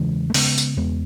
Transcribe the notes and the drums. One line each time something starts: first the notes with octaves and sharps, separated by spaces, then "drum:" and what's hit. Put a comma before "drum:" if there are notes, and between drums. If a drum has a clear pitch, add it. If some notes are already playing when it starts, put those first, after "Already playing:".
Already playing: E2 C#3 E3 G#3
A3
C#3 G#3 B3, drum: open hi-hat
drum: tambourine
E2 G#3 B3